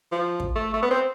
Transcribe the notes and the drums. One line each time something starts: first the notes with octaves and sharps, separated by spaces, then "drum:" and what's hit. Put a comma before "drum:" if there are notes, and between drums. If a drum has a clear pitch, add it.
F3
drum: kick
A3
A3
B3
C4